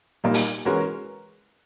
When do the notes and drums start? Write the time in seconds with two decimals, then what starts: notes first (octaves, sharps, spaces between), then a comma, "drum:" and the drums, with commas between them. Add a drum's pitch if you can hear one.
0.24 A#2 G3 A#3 D#4
0.34 drum: open hi-hat
0.65 E3 G#3 C#4 F#4 A#4